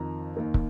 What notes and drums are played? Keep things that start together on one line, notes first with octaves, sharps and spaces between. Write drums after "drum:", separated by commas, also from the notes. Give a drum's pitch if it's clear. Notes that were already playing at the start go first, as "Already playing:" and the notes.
Already playing: F2 D#3 A#5
D#2 D#3
drum: kick